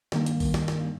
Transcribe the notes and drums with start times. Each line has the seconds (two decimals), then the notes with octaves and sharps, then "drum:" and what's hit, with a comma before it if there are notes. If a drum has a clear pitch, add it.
0.12 G2 D#3 A#3, drum: snare
0.26 drum: hi-hat
0.40 drum: kick A#1, open hi-hat
0.54 drum: snare
0.68 drum: snare